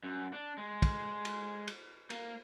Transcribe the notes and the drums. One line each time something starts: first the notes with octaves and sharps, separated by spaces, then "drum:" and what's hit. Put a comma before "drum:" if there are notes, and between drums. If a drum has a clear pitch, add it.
F#2
D4
G#3
drum: kick, cymbal
drum: cymbal
drum: cymbal
A#3, drum: cymbal